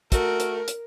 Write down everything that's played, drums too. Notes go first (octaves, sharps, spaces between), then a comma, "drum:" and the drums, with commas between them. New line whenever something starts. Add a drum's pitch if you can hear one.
A3 F#4 A#4, drum: kick, hi-hat
drum: hi-hat
drum: hi-hat